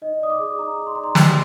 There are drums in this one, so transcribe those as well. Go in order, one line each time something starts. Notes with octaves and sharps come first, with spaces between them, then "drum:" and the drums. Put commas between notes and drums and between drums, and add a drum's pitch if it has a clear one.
D#4 D#5
D5 D#6
D6
G#4
D#4 A#5
D#4
C6
D5 A#5
C6
D5, drum: snare